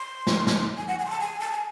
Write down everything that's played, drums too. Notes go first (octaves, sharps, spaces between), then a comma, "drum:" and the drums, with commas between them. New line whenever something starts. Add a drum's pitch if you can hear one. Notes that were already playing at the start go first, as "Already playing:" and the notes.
Already playing: C6
drum: snare
drum: snare
G#5
F#5
G#5
C6
A5
G#5
A5
G#5